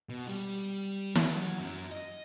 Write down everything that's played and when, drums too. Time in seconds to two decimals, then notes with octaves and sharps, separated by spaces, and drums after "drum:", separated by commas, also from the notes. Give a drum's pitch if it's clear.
0.09 B2
0.28 G3
1.15 F#3, drum: snare
1.59 F#2
1.92 D#5